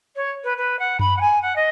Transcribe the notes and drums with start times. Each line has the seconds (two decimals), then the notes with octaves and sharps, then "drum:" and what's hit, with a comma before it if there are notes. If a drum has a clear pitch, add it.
0.15 C#5
0.43 B4
0.57 B4
0.79 F#5
0.99 B5, drum: tom F#2
1.16 F#5
1.20 G#5
1.41 F#5
1.55 D#5